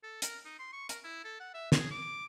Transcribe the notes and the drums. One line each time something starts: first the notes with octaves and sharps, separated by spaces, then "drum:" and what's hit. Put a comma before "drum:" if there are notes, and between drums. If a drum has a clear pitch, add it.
A4
A#4, drum: hi-hat
D#4
C6
C#6
A#4, drum: hi-hat
E4
A4
F#5
E5
G#4, drum: snare
D6